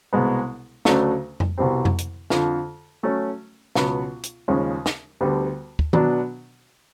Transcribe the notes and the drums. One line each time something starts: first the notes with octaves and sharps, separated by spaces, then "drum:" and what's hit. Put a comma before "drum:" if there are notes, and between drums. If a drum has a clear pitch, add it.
C2 B2 G#3 B3
D2 C#3 F#3 A3 D4, drum: snare
drum: tom F2
C2 B2 G3 C4
drum: tom F2
drum: hi-hat
F2 D3 F3, drum: snare
F#3 A3 C#4
C#2 B2 F#3 B3, drum: snare
drum: hi-hat
D#2 C#3 F3 G#3 C#4
drum: snare
D2 D3 G3 B3
drum: kick
B2 F#3 B3 D4, drum: tom D#3